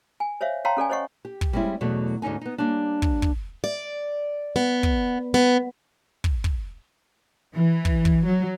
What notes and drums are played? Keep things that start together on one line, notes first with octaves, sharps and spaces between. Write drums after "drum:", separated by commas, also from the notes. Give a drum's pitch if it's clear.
G#5
C5 C#5 E5 F5
C#5 F5 G5 A5 A#5 C6
C#4 A4 D5 G#5
C5 C#5 D#5 F#5 C#6
G4
drum: kick
G3 G#3 C4 C#4 E4
E2 B2 F#3 A3
D2 G#2 C#4 D#4 G#5
B3 D#4
G3 A#3 C#4 D4
drum: kick
drum: kick
D5
B3
drum: kick
B3
drum: kick
drum: kick
E3
drum: kick
drum: kick
F#3